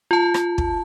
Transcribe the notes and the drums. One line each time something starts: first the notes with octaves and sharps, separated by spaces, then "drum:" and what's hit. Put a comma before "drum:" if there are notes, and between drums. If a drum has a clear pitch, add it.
F4 A5
drum: rim click
drum: kick